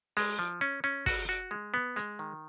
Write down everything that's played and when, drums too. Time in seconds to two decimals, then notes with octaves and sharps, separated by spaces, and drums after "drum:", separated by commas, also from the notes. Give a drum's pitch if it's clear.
0.17 G#3, drum: open hi-hat
0.39 F3
0.61 C#4
0.84 C#4
1.06 F#4, drum: kick, open hi-hat
1.29 F#4
1.51 G#3
1.74 B3
1.96 G#3, drum: hi-hat
2.19 D#3